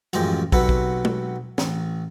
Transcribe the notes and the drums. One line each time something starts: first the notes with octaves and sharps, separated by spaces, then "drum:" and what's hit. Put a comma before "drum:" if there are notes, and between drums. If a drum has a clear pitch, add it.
A1 F#2 F3 G#3 G4, drum: hi-hat
B1 C3 F#3 A4 B4, drum: kick
drum: kick
drum: tom G#3
A1, drum: snare